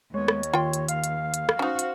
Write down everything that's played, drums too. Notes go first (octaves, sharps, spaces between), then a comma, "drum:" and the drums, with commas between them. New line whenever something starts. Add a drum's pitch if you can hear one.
D#2 G#3 B3 C#5
drum: rim click
drum: hi-hat
D#3 F4 G5 C6
drum: hi-hat
F5, drum: hi-hat
drum: hi-hat
drum: hi-hat
drum: rim click
C#4 D#4 F#4 C5
drum: hi-hat